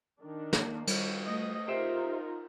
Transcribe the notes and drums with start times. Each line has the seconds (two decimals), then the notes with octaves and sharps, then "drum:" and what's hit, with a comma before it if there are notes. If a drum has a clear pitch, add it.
0.21 D#3 D4
0.53 A#3, drum: snare
0.87 G3 F4 F#4, drum: cymbal
1.25 A3 D#5
1.68 D#4 F4 G4 A#4 C5 E5